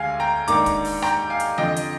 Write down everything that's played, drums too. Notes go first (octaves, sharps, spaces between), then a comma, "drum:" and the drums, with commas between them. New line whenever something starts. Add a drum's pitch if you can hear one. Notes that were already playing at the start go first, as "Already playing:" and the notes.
Already playing: D2 D3 G#3 F5 G#5
G5 A#5
G#2 D#3 A#3 D4 A#5 D6, drum: hi-hat
drum: kick, hi-hat
drum: open hi-hat
G5 A#5, drum: rim click
F5 G#5
drum: hi-hat
F2 D3 F3 D#5 G5, drum: tom E3
drum: hi-hat